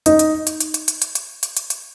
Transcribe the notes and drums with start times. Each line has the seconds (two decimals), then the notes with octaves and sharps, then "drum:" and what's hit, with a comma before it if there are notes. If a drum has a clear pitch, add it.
0.06 D#4, drum: hi-hat
0.19 drum: hi-hat
0.47 drum: hi-hat
0.60 drum: hi-hat
0.74 drum: hi-hat
0.88 drum: hi-hat
1.02 drum: hi-hat
1.15 drum: hi-hat
1.43 drum: hi-hat
1.57 drum: hi-hat
1.70 drum: hi-hat